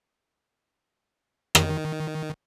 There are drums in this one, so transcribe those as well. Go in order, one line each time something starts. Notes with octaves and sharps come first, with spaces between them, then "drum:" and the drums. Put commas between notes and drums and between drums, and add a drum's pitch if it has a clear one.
D#3, drum: rim click